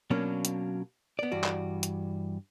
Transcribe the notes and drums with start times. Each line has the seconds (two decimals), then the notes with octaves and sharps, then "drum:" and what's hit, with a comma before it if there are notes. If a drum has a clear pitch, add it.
0.10 B2 F#3 A#3 C#4 D4
0.45 drum: hi-hat
1.19 B3 D5
1.32 G2 E3 F#4 D5
1.44 drum: clap
1.83 drum: hi-hat